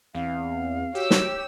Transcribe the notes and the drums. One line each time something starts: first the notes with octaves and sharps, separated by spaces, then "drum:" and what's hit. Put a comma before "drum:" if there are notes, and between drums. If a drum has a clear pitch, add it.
E2 C4 F5
F#4 G4 C#5 E6
drum: snare